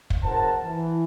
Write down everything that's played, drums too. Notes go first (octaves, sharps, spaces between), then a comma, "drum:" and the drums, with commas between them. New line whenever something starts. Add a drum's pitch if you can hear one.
drum: kick
F#1 A#4 C5 F#5 A5
E3